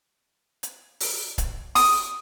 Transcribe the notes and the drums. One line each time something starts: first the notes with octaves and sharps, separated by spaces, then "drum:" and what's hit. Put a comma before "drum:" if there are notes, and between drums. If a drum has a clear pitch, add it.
drum: hi-hat
drum: open hi-hat
drum: kick C#1, hi-hat
D#6, drum: open hi-hat